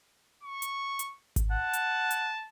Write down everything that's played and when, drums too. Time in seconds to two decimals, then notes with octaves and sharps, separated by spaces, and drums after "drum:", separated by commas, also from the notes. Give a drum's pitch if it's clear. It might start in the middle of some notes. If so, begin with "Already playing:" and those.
0.43 C#6
0.62 drum: hi-hat
0.99 drum: hi-hat
1.36 drum: kick G#1, hi-hat
1.51 F#5 A5
1.73 drum: hi-hat
2.11 drum: hi-hat